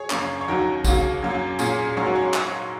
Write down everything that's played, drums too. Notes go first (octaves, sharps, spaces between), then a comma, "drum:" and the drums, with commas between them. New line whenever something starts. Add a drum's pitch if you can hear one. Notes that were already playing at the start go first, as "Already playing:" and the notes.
Already playing: G#4 C#5
F#2 C#3 A#3 C#4, drum: clap
C#5
D#2 D#3 F#3 C#4 F#4 A#4
D#2 C#3 A#3 C#4 F#4, drum: kick, tambourine
F#2 F#3 A#3 C#4
A#2 A#3 C#4 G#4, drum: tambourine
G#4
G#2 F#3 A#3 C#4 G#4 C#5
F#4 A#4
G#4 C#5
drum: clap